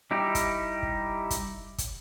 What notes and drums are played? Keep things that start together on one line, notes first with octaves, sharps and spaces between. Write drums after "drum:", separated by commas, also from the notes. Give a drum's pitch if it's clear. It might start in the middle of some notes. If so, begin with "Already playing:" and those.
G3 D#4 E4 G4
drum: kick, hi-hat
drum: kick
drum: kick, hi-hat
drum: kick, hi-hat